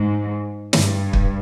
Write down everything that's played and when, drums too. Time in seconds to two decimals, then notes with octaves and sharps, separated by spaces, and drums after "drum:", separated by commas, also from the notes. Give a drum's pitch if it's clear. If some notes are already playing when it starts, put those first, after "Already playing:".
Already playing: G#2
0.73 G2, drum: snare
1.13 drum: kick